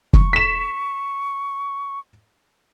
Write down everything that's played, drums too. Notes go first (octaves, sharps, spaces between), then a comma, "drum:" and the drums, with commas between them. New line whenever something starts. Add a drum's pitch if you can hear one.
C#6, drum: kick
B6 E7